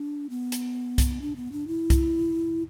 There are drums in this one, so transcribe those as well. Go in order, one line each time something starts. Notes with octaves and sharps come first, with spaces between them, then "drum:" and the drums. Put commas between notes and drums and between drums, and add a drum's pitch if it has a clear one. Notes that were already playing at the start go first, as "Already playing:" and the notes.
Already playing: D4
B3
drum: hi-hat
drum: kick C2, hi-hat
D4
B3
D4
E4
drum: kick C2, hi-hat